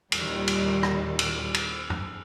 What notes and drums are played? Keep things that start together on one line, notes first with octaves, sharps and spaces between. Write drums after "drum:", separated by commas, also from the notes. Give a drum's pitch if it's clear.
D#2 A#2 D#3 G3, drum: cymbal
drum: cymbal
drum: rim click
drum: cymbal
drum: cymbal
drum: tom F#2